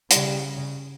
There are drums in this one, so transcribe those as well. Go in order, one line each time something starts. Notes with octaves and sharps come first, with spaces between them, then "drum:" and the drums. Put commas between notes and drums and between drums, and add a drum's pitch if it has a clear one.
C#3 G3, drum: hi-hat